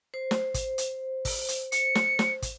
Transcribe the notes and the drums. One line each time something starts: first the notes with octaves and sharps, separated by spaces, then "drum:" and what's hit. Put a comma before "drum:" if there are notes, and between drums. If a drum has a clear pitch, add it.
C5
drum: snare
drum: kick, hi-hat
drum: hi-hat
drum: kick, open hi-hat
drum: hi-hat
C#7, drum: hi-hat
drum: snare
drum: snare
drum: kick, hi-hat